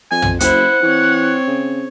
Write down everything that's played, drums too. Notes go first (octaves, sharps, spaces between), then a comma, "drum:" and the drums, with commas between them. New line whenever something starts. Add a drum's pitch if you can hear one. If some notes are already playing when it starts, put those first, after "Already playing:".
F2 G#5
drum: tom
F#1 E4 C5 F#5, drum: hi-hat
E3 C4 C#5
C#3